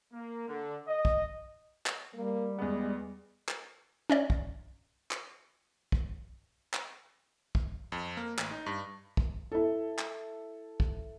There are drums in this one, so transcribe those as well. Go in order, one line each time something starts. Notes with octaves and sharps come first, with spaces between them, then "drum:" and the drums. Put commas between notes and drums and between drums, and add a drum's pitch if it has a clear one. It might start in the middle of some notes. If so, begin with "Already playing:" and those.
A#3
D3
D#5
drum: kick
drum: clap
G3 A#3
E2 G#3 B3
drum: clap
C#4 C#5 D5
drum: kick
drum: clap
drum: kick
drum: clap
drum: kick
F2
A#3
A1, drum: clap
D#4
G2
drum: kick
E4 A4
drum: clap
drum: kick